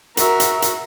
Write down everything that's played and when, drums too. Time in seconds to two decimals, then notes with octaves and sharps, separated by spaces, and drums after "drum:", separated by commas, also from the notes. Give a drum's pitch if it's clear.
0.17 F#4 A#4 E5, drum: hi-hat
0.40 drum: hi-hat
0.62 drum: hi-hat